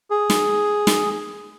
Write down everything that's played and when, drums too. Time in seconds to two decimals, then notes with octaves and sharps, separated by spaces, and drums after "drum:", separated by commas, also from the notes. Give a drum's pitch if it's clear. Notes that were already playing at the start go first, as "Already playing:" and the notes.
0.11 G#4
0.30 drum: snare
0.87 drum: snare